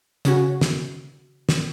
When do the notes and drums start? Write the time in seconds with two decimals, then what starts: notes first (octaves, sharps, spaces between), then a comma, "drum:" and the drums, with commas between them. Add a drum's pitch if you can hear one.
0.25 C#3 C#4 F#4, drum: hi-hat
0.61 drum: snare
1.49 drum: snare